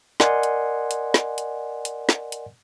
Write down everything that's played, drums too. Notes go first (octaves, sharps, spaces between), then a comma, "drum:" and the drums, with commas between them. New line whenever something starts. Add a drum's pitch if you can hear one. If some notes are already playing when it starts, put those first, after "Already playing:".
A#4 D5 D#5 F#5 G#5 C6, drum: snare
drum: hi-hat
drum: hi-hat
drum: snare
drum: hi-hat
drum: hi-hat
drum: snare
drum: hi-hat